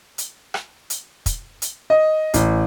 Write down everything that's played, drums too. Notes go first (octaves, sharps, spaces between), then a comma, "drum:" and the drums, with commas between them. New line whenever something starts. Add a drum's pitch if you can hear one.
drum: hi-hat
drum: rim click
drum: hi-hat
drum: kick, hi-hat
drum: hi-hat
D#5
A1, drum: hi-hat